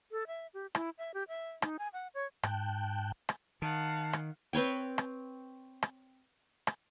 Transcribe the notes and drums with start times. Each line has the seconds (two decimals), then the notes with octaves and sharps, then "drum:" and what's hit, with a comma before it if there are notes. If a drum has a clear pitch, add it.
0.12 A4
0.27 E5
0.54 G4
0.75 E4, drum: rim click
0.98 E5
1.14 G4
1.28 E5
1.62 D#4, drum: rim click
1.79 G#5
1.93 F#5
2.14 C#5
2.43 G#2 G5 A5 F#6 G6, drum: rim click
3.29 drum: rim click
3.62 D#3 F5 F#5 A5
4.13 drum: rim click
4.53 C4 B4 C#5 G5
4.98 drum: rim click
5.83 drum: rim click
6.67 drum: rim click